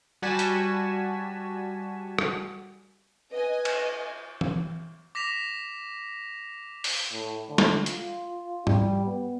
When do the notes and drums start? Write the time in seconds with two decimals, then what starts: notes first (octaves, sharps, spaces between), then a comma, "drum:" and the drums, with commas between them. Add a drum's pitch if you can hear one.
0.22 G3 F#4 G#5 A5 B6 E7
0.39 drum: hi-hat
2.19 drum: rim click
3.32 B4 D#5 G#5
3.65 drum: cymbal
4.41 drum: tom
5.15 D6 A#6 B6 E7 F7
6.84 drum: open hi-hat
7.12 A2
7.49 D3
7.58 drum: snare
7.86 F4, drum: hi-hat
8.67 G3, drum: tom G#2
9.06 B3